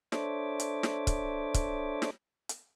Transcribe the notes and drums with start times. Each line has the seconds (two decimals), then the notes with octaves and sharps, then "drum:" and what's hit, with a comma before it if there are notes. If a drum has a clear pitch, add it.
0.12 D4 A4 C5 C#5 E5 D6, drum: snare
0.60 drum: hi-hat
0.83 drum: snare
1.07 drum: kick, hi-hat
1.54 drum: kick, hi-hat
2.02 drum: snare
2.49 drum: hi-hat